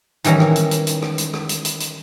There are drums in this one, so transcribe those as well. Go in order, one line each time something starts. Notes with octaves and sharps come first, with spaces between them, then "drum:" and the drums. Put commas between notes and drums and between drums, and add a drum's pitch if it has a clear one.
D#3 E3 G3 C#4 A#5, drum: hi-hat
drum: rim click
drum: hi-hat
drum: hi-hat
drum: hi-hat
drum: rim click
drum: hi-hat
drum: rim click
drum: hi-hat
drum: hi-hat
drum: hi-hat